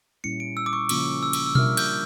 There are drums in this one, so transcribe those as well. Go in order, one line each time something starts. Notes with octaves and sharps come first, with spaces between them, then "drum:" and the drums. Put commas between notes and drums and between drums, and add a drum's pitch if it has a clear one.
A#2 G3 C#4 E4 C#7
D7
E6
D6
C#6
C#3 F3 A#3 C#4 F4 D6, drum: cymbal
E6
drum: cymbal
E6
G3 D4 F4 A#4 E5 F6, drum: tom B2
G6, drum: cymbal